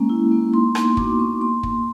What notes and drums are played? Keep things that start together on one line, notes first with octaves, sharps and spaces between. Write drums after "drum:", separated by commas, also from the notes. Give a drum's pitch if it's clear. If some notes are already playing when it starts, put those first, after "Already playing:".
Already playing: G#3 A#3 C#4
E4
A#3
D#4 C6
B3 C6, drum: rim click
F#4 D6, drum: kick
B3 C#6
A#3 C6
drum: kick